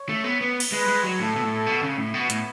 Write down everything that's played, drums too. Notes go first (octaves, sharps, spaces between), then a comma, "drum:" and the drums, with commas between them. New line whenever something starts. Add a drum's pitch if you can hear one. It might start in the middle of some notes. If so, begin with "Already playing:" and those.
Already playing: C#5
A3
B3
B3
drum: cymbal
G#3 B4
G#3
F#3
A2 A4
B2
A2
B2
C#3
A2
B2 B3
A2, drum: hi-hat